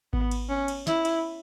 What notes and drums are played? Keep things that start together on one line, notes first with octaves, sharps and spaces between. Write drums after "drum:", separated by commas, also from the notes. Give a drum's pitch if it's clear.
B3, drum: kick G#1
drum: cymbal
C#4
drum: cymbal
E4, drum: snare
drum: cymbal